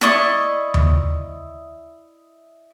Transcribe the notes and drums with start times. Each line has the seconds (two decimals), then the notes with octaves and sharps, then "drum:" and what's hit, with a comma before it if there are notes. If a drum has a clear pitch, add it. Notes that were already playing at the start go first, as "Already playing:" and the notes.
0.01 E4 D5 D#5 C#6, drum: snare
0.74 drum: tom D#2